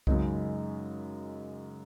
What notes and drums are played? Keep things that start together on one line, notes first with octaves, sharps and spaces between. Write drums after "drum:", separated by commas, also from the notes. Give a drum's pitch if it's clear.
F#2 C#3 G#3 D#4, drum: kick C2